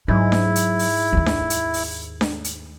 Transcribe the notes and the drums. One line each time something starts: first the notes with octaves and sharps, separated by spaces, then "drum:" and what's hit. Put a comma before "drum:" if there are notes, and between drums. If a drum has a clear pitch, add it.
G#2 F#3 E4
drum: snare D4
drum: hi-hat
drum: open hi-hat
D#2 D#3
drum: snare D4
drum: hi-hat
drum: open hi-hat
drum: snare D4
drum: hi-hat